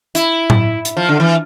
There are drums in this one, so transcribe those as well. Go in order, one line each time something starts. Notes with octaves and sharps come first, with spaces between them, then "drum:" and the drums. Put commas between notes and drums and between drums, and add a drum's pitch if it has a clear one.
E4, drum: hi-hat
drum: tom A2
drum: hi-hat
F3
D3
E3